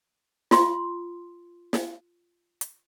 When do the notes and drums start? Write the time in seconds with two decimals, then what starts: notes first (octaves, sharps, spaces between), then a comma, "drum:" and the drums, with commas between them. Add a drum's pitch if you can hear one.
0.51 F4 C6, drum: snare
1.73 drum: snare
2.61 drum: hi-hat